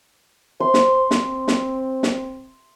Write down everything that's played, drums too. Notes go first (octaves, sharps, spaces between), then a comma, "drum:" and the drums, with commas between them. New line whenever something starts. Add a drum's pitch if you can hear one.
C5 C6
drum: snare
C4, drum: snare
drum: snare
drum: snare